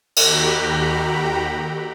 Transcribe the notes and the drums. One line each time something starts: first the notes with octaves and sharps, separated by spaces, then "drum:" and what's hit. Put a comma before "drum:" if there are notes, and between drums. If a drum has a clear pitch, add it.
D#2 F#4 G4 G5 A#5 B5, drum: cymbal